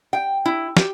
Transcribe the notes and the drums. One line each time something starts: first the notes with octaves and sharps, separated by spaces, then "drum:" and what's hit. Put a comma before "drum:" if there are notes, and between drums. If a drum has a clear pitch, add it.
G5
E4
G4, drum: snare